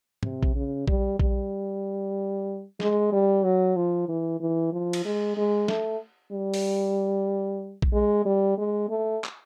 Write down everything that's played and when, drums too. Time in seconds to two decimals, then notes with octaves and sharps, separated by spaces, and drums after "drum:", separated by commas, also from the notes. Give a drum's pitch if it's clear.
0.23 C3, drum: tom
0.43 drum: kick A#1
0.55 C#3
0.88 G3, drum: kick A#1
1.20 G3, drum: kick A#1
2.80 G#3, drum: snare
3.12 G3
3.44 F#3
3.76 F3
4.08 E3
4.40 E3
4.72 F3
4.93 drum: cymbal
5.05 G#3
5.37 G#3
5.68 A3, drum: snare
6.32 G3
6.54 drum: open hi-hat
7.82 drum: kick A#1
7.93 G#3
8.25 G3
8.58 G#3
8.89 A3
9.24 drum: clap